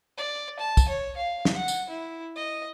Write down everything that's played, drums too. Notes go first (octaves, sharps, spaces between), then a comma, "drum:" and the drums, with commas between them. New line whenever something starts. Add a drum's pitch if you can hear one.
D5
A5
drum: kick, tambourine
C#5
F5
drum: snare
F#5
drum: tambourine
E4
D#5